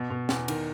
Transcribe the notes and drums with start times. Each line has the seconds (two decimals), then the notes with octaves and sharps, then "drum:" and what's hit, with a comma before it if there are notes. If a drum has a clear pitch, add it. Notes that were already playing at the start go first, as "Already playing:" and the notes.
Already playing: B2
0.10 B2
0.29 E2, drum: snare
0.48 D#3, drum: cymbal